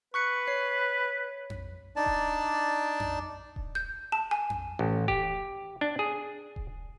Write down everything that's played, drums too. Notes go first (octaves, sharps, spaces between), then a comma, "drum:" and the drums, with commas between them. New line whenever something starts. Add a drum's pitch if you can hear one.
B4 C#6 F#6 C#7
C#5 C7
drum: tom F2
D4 D#4 D5 A5
drum: kick D#1
drum: tom F2
drum: kick D#1
G6
A5
G#5
drum: tom F2
A1
G4, drum: kick D#1
D4
G#4
drum: kick D#1